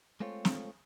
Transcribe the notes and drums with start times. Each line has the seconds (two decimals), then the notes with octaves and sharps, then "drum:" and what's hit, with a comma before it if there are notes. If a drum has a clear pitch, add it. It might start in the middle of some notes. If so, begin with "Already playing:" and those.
0.20 G#3 A3 C4 F4 A4 C#5
0.45 drum: snare